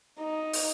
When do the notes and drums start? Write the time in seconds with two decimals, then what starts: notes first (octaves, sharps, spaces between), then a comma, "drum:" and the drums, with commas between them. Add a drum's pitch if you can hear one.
0.19 D#4
0.53 drum: open hi-hat